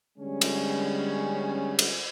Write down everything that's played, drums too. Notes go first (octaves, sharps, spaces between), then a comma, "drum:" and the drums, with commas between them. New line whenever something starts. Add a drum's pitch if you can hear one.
D3 G3 G#3 B3 C#4
drum: cymbal
drum: cymbal